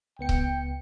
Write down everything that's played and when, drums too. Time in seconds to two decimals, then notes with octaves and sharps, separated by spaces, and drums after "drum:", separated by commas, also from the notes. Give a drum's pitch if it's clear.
0.19 C#2 B3 G5 C#7
0.29 drum: kick C#1